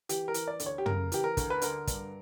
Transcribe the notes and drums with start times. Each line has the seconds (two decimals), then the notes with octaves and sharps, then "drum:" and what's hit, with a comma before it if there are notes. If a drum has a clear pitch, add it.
0.09 E3 G4, drum: hi-hat
0.28 A#4
0.34 E3, drum: hi-hat
0.48 D5
0.60 D2, drum: hi-hat
0.66 C#5
0.78 G4
0.86 C#3 A#4, drum: tom
1.12 E3 G4, drum: hi-hat
1.24 A#4
1.37 D2, drum: kick, hi-hat
1.50 B4
1.62 D3 A#4, drum: hi-hat
1.87 G2, drum: kick, hi-hat